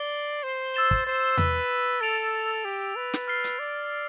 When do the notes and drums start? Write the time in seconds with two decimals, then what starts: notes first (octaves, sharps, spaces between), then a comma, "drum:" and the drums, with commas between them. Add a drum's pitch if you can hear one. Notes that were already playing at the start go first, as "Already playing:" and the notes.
Already playing: D5 C7 G7
0.43 C5
0.74 E6 A6 E7 G7
0.91 drum: kick
1.07 C5
1.37 B4, drum: tom E2
2.01 A4 A6 D7 F7
2.65 G4
2.96 B4
3.14 drum: snare
3.27 F6 A6 C7 G7
3.44 drum: hi-hat
3.59 D5